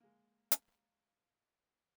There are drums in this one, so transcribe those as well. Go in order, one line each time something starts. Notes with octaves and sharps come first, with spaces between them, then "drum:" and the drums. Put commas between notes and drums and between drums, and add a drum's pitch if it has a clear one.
G#3 A#3
drum: hi-hat